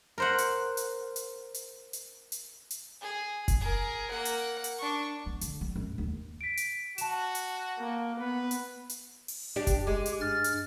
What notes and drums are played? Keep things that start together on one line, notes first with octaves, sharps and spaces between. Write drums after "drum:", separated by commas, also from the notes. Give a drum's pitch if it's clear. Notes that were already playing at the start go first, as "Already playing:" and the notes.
A#4 C5 F#5
drum: hi-hat
drum: hi-hat
drum: hi-hat
drum: hi-hat
drum: hi-hat
drum: hi-hat
drum: hi-hat
G#4
drum: kick F#1, hi-hat
G#4 A#4
A#3 F#5
drum: hi-hat
drum: hi-hat
D4 C#6
B3
D3, drum: hi-hat
G3
F#2
D#2
B6 D7
drum: hi-hat
F#4 A5 E7, drum: hi-hat
drum: hi-hat
A#3
B3 B4
drum: hi-hat
drum: hi-hat
drum: open hi-hat
D4 G4
drum: kick F#1, hi-hat
G#3 G4
drum: hi-hat
G2 F6 A6
drum: hi-hat